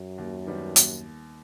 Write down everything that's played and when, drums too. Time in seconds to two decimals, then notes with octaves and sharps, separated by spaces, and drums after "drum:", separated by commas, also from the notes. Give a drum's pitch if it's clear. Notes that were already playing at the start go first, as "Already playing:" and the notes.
Already playing: F#2
0.18 D#2
0.47 D#3 G3 B3
0.76 D#2, drum: hi-hat